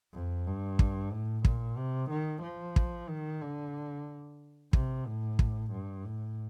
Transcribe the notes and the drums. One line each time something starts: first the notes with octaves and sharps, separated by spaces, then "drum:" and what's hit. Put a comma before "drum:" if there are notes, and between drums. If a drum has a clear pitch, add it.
F2
G2
drum: kick
A2
A#2, drum: kick
C3
D#3
F3
drum: kick
D#3
D3
C3, drum: kick
A2
drum: kick
G2
A2